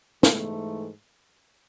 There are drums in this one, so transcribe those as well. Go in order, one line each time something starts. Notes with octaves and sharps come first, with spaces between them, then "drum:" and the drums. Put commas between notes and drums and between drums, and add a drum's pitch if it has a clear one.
G#2 E3 A3, drum: snare